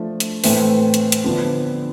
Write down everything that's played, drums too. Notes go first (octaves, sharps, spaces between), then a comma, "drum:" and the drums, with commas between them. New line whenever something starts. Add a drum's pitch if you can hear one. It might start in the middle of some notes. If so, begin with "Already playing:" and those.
Already playing: F3 A3 D4
drum: hi-hat
A2 E3 A3 C4, drum: open hi-hat
drum: hi-hat
drum: hi-hat
D3 F3 B3 D4